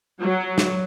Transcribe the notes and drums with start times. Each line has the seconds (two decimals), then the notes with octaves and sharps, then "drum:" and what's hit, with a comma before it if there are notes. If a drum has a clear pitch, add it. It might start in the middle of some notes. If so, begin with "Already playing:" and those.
0.21 F#3
0.58 drum: snare